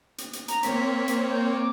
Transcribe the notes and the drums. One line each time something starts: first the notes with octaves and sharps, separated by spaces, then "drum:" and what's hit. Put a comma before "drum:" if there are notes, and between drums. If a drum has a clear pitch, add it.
drum: hi-hat
drum: hi-hat
A#5, drum: hi-hat
A#3 C4 C#5 B6, drum: hi-hat
drum: hi-hat
G6
D6